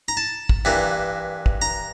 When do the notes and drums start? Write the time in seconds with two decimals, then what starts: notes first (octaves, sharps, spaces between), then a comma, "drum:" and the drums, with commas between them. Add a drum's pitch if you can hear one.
0.08 A#5
0.17 A5
0.49 drum: kick
0.65 G2 E3 A#3
1.46 drum: kick
1.62 A#5